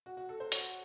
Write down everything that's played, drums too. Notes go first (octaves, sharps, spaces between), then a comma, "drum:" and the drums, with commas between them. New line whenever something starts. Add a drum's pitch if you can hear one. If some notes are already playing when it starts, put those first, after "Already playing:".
F#4
F#4
A4
C5
C#5, drum: hi-hat